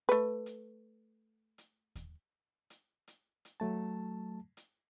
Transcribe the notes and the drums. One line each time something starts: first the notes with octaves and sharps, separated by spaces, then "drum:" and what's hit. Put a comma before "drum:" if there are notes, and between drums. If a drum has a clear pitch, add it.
A3 B4, drum: hi-hat
drum: hi-hat
drum: hi-hat
drum: kick D#2, hi-hat
drum: hi-hat
drum: hi-hat
drum: hi-hat
F#3 A3 A5
drum: hi-hat